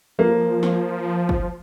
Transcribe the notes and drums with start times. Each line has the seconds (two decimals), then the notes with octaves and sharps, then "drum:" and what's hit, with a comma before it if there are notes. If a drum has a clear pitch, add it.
0.18 F3 A#3
0.63 drum: snare
1.29 drum: kick